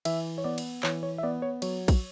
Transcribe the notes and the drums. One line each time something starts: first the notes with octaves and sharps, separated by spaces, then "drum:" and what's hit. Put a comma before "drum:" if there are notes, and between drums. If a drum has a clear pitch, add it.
E3 E5, drum: cymbal
C#5
B3 D5
drum: cymbal
E3 C#5, drum: clap
C#5
E5
B3 D5
C#5
F#3 C#5, drum: cymbal
drum: kick, cymbal